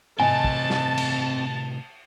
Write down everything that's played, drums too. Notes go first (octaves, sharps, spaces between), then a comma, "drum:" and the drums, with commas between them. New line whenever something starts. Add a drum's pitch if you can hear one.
A2 C3 C4 D#5 G#5 A5, drum: tom G#2
drum: kick
drum: snare
drum: cymbal